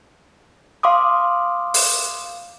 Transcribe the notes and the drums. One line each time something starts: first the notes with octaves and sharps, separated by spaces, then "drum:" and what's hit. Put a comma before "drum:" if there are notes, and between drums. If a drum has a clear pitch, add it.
F5 C6 D6 D#6
drum: open hi-hat